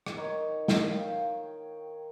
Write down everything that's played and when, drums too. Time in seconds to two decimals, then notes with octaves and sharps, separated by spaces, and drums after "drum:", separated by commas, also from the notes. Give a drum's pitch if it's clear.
0.06 drum: rim click
0.17 D#3 C#5
0.68 drum: snare
0.88 F5 G5